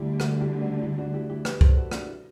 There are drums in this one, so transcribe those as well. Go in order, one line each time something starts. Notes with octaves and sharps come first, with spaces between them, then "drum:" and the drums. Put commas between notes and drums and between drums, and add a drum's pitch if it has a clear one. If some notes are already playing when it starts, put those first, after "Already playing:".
Already playing: D2 D3 G3 E4 G4
F#4 A4, drum: rim click
E4 G4
D4 F#4
E4
D4 F#4
E4 G4
E4 G4
G4 B4, drum: rim click
A4 C5, drum: kick C2
F#4 A4
D4 F#4, drum: rim click
E4